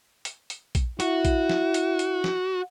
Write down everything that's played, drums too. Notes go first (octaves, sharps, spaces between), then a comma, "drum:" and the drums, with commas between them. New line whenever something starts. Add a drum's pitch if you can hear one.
drum: hi-hat
drum: hi-hat
drum: kick A#1, hi-hat
E4 F#4, drum: hi-hat
drum: kick A#1, hi-hat
drum: snare
drum: hi-hat
drum: hi-hat
drum: snare